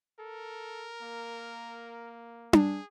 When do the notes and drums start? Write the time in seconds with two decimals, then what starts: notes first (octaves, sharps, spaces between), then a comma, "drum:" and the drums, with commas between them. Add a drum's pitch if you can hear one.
0.19 A4 A#4
1.02 A#3
2.53 G#4, drum: tom D4